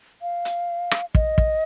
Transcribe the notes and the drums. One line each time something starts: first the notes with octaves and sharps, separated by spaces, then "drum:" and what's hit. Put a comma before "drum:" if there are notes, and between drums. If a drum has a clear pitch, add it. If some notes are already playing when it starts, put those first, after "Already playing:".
F5
drum: hi-hat
drum: rim click
D#5, drum: kick
drum: kick